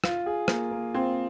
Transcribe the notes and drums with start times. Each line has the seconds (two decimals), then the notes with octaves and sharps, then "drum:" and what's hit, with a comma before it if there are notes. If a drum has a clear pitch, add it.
0.04 F4, drum: rim click
0.26 G#4
0.48 A#3, drum: rim click
0.71 A#3
0.94 C4 F4